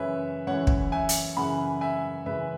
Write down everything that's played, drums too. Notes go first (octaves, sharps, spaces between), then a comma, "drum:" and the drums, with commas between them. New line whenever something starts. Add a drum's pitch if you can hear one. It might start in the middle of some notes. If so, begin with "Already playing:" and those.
Already playing: F#2 C#3 E3 B4 C#5 E5
F#2 C#3 E3 C#5 F#5
drum: kick
E5 G#5
drum: hi-hat
F#2 C#3 E3 F#5 B5
E5 G#5
F#2 C#3 E3 B4 E5